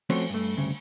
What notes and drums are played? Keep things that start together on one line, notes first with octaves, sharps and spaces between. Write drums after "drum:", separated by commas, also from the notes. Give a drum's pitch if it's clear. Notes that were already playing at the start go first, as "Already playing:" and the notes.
F3 A3 C4 C#4 F#4 C#5, drum: cymbal
G2 A3
D2 G2 C#3